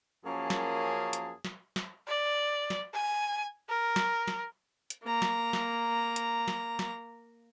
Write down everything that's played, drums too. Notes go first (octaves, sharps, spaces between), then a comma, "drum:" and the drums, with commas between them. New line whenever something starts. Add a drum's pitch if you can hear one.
F#2 F3 A#3 C#4 G#4 A5
drum: snare
drum: hi-hat
drum: snare
drum: snare
D5
drum: snare
G#5
A#4
drum: snare
drum: snare
drum: hi-hat
A#3 A#5
drum: snare
drum: snare
drum: hi-hat
drum: snare
drum: snare